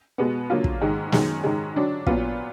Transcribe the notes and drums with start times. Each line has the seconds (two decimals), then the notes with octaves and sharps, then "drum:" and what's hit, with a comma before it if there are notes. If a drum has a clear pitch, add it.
0.18 B2 G#3 B3
0.50 D3 F#3 A#3 F4
0.64 drum: kick
0.81 G#2 D#3 G#3
1.12 F#2 D#3 G#3, drum: snare
1.44 G#2 D#3 G#3
1.75 D3 F#3 D4
2.07 A#2 F#3 B3 F4, drum: kick